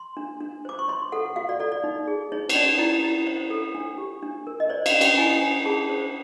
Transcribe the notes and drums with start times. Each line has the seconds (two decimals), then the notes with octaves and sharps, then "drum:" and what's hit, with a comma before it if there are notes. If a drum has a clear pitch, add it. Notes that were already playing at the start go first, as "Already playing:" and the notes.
Already playing: C6
0.17 D4
0.40 D4
0.65 C5 D6
0.79 C#6
0.88 C#5 C6
1.12 A4 F#5
1.36 F#4 F5
1.49 D5
1.60 A4 D5
1.72 D5
1.84 D#4
2.08 G#4
2.32 D#4 C#5
2.49 C#5, drum: cymbal
2.55 D#4 D5
2.79 E4
3.04 E4
3.27 C5 C#5
3.50 A4
3.75 D4
3.98 G4
4.22 D4
4.47 A#4
4.60 D#5
4.69 C5 D5
4.86 F5, drum: cymbal
4.94 C5
5.01 G5, drum: cymbal
5.18 E4 G#5
5.41 C5
5.65 G#4 A5
5.90 C5